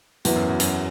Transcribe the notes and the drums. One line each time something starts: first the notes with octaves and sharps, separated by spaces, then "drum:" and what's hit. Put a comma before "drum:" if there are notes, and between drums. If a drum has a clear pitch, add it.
E2 F#3 B3 E4, drum: hi-hat
F#2
E2
F#2, drum: hi-hat